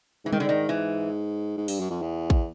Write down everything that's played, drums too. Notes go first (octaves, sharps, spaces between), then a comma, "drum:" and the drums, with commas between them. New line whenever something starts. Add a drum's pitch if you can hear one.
G#2 E3
D#3, drum: tom G3
D3
D#3
E3
G#2
G2, drum: open hi-hat
F#2
F2
E2
drum: kick A1